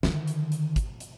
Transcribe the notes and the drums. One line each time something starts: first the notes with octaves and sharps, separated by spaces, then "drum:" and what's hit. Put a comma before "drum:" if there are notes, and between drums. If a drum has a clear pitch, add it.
D3 D#3, drum: snare
drum: hi-hat
drum: hi-hat
drum: kick, hi-hat
drum: hi-hat